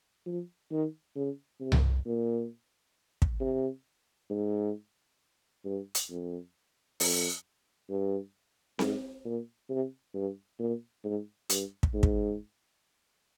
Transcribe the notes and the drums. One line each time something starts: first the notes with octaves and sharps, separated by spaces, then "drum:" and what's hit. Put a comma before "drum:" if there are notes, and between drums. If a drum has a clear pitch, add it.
F3
D#3
C#3
C3
drum: tom C2
A#2
drum: kick
C3
G#2
G2
drum: hi-hat
F2
F2, drum: open hi-hat
G2
G#2, drum: snare C4
A#2
C3
G2
A#2
G#2
G2, drum: hi-hat
drum: kick
G#2
drum: kick